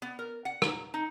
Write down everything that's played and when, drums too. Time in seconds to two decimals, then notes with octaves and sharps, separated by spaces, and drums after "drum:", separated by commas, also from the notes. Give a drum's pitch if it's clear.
0.02 B3
0.19 A#4
0.45 F#5
0.62 A#5, drum: rim click
0.94 D#4